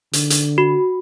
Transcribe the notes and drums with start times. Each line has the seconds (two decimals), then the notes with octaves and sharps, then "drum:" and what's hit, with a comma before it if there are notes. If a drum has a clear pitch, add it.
0.13 D3, drum: hi-hat
0.30 drum: hi-hat
0.58 F#4